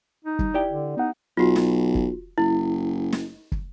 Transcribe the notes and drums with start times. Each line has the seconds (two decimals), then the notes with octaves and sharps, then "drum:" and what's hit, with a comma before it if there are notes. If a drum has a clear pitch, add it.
0.25 D#4
0.39 G3, drum: kick
0.54 E4 G4 D5 G5
0.69 D3
0.97 B3 D#4 F#5
1.37 B1 F4 F#4
1.56 drum: snare
1.95 drum: kick
2.38 F#1 E4
3.13 drum: snare
3.52 drum: kick